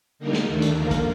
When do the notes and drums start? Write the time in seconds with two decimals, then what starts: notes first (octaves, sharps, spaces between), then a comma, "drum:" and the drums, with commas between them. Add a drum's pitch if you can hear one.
0.19 D3 G3 A#3 D#4 A#4
0.33 drum: snare
0.48 D#2 D#3 A3 D4
0.62 drum: hi-hat
0.76 D3 F3 A#3 F4 A#4
0.91 drum: kick, hi-hat